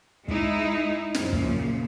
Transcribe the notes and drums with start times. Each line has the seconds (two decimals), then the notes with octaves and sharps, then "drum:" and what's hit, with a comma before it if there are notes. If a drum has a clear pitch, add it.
0.28 G#3 D#4 E4, drum: kick
1.15 F#2 A#2 C#3 F3, drum: snare
1.33 drum: kick